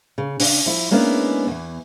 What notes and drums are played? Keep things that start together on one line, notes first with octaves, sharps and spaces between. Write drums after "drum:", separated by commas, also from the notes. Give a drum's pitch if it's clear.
C#3
C#3 D4, drum: open hi-hat
F3 E4
G#3 A#3 B3 C#4 D4 E4
E2 E3